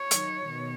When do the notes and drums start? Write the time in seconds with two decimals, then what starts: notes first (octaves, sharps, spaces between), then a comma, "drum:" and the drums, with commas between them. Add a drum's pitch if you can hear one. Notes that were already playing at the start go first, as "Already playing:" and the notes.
Already playing: C#5
0.11 D#3 F#3, drum: hi-hat
0.46 B2 D#3